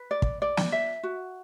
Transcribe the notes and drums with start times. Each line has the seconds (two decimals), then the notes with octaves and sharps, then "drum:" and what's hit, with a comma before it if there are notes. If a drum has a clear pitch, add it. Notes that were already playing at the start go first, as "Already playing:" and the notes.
Already playing: B4
0.11 D5
0.22 drum: kick
0.42 D5
0.57 drum: snare
0.72 E5
1.03 F#4